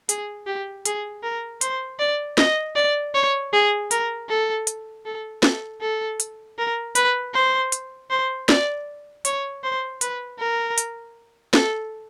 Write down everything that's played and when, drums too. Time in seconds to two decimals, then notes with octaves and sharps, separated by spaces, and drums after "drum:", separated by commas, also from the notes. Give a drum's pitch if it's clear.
0.09 G#4, drum: hi-hat
0.47 G4
0.85 G#4, drum: hi-hat
1.23 A#4
1.61 C5, drum: hi-hat
1.99 D5
2.38 D#5, drum: snare
2.76 D5
3.14 C#5
3.53 G#4
3.91 A#4, drum: hi-hat
4.29 A4
4.67 drum: hi-hat
5.05 A4
5.43 A4, drum: snare
5.81 A4
6.20 drum: hi-hat
6.58 A#4
6.95 B4, drum: hi-hat
7.34 C5
7.72 drum: hi-hat
8.10 C5
8.49 D5, drum: snare
9.25 C#5, drum: hi-hat
9.63 C5
10.01 B4, drum: hi-hat
10.39 A#4
10.78 drum: hi-hat
11.54 A4, drum: snare